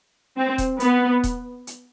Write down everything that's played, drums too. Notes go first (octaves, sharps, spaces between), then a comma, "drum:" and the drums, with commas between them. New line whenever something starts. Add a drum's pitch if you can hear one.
C4
drum: kick D#1, hi-hat
B3, drum: hi-hat
drum: kick D#1, hi-hat
drum: hi-hat